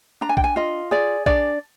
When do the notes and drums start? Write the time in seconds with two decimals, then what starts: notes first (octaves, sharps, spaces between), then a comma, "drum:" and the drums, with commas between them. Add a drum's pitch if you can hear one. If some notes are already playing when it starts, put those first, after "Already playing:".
0.21 D4 A#5
0.29 G#5
0.37 G5, drum: kick A#1
0.44 G#5
0.56 F4 D#5
0.91 G#4 D5
1.26 D4 D5, drum: kick A#1